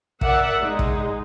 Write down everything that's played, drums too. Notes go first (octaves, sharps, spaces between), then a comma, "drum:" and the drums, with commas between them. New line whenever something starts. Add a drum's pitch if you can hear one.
A#4 D5 E5 F#5, drum: kick
G#3 D#4
drum: kick